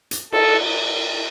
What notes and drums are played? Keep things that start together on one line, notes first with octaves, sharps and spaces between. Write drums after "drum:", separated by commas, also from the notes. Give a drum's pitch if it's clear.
drum: hi-hat
A4, drum: cymbal